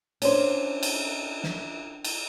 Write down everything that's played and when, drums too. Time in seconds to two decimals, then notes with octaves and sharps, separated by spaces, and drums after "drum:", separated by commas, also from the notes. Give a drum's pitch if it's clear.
0.22 C#4 D4 C5, drum: cymbal
0.83 drum: cymbal
1.44 drum: snare
2.04 drum: cymbal